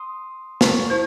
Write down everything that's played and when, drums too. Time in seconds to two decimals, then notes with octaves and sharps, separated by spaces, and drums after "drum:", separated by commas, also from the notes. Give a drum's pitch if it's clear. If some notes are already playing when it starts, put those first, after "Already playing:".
Already playing: C6 D#6
0.61 A5 C#6, drum: snare
0.90 E4 C5